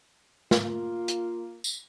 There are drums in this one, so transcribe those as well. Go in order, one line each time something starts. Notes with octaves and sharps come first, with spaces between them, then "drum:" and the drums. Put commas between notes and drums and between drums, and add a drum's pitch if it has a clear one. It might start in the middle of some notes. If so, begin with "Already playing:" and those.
A#3 F4, drum: snare
drum: hi-hat
drum: tambourine